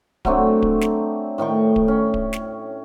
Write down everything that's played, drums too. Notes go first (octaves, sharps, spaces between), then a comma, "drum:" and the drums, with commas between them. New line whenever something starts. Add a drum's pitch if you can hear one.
F#3 A3 C4 D4, drum: kick D1
drum: kick D1
drum: snare
A2 D#3 G5 C#6
drum: kick D1
C#4
drum: kick D1
drum: snare